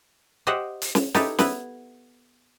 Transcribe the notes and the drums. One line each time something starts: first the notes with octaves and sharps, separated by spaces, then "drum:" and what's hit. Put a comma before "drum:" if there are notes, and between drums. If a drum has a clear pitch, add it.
G4 C5 D#5 E5 F#5
drum: hi-hat
drum: snare
D#4 E4 G4 A4 B4, drum: snare
B3 E4 B4, drum: snare